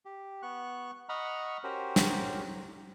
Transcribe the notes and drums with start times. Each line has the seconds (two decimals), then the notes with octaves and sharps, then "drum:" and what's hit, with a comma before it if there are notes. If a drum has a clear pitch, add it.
0.05 G4
0.42 B3 C#6 F#6
1.09 D#5 F#5 A#5 B5 C#6 F6
1.64 C#4 F#4 G4 A#4 C5
1.96 drum: snare